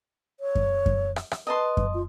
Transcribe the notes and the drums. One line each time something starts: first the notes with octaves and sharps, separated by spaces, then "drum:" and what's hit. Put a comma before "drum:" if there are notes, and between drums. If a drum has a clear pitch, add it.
C#5
drum: kick F#2
drum: kick F#2
drum: rim click
drum: rim click
B4 D#5 A5 C6
drum: kick F#2
F4